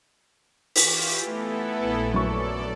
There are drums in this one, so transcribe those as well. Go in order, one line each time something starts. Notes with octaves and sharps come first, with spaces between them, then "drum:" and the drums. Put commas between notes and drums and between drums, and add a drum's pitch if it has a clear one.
E3 F4 G4, drum: open hi-hat
E3 A3 B3 E4 A4
A#1
F#2 A4 D5 C#6